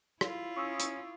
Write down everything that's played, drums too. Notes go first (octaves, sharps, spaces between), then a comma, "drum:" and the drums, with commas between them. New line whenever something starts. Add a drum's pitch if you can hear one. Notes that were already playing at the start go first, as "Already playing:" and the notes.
E4 F4, drum: rim click
C#4 C#6 D#6 E6
drum: hi-hat